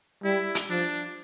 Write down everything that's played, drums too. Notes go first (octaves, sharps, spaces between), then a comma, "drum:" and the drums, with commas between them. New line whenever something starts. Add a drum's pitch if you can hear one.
G3 E4
drum: hi-hat
F3 D4